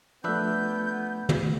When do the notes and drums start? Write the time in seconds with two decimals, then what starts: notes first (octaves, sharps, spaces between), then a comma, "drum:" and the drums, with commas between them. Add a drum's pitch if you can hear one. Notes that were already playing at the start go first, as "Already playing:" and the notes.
0.24 F3 A3 B3 D4 B4 E5 G6
1.29 drum: tom